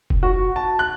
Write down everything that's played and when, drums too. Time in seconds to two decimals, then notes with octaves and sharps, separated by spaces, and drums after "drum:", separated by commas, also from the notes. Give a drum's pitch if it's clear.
0.10 drum: kick F1
0.23 F#4
0.56 A5
0.79 F#6